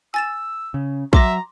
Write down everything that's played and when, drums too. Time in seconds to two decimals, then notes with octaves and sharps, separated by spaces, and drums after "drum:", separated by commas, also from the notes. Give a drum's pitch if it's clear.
0.14 G#5 E6 A6 E7
0.74 C#3
1.13 F#3 E5 A#5 C6 D6 A#6, drum: kick